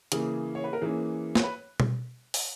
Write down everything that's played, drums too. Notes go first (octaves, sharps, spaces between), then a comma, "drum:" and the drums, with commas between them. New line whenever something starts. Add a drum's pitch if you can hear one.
C#3 E3 A#3 C#4 G#4, drum: hi-hat
C#5
B4
A#4
E3 A#3 C#4 G#4
C#5, drum: snare
B4
drum: tom B2
drum: open hi-hat